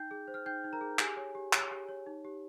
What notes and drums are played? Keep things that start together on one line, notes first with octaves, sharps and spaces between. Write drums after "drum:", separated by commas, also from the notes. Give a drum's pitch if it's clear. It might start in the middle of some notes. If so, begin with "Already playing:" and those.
Already playing: D#4 G5 G6
G#4
C5
F6
D#4 G5 G6
D#4
A#4 A#5
G#4
G4 G#4 G#5, drum: clap
C#5
G4
C#5, drum: clap
G4
C#5
D#4
G4